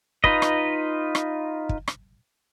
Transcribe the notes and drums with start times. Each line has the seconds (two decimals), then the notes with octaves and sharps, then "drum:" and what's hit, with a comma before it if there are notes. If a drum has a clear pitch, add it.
0.24 D#4 F4 B4 D#5, drum: kick
0.42 drum: rim click
1.15 drum: rim click
1.69 drum: kick
1.88 drum: rim click